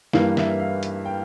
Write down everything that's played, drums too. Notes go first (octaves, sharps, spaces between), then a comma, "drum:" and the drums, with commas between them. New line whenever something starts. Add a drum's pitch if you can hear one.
G2 E3 G3 A#3 F5, drum: snare
E5, drum: snare
F5
drum: hi-hat
G5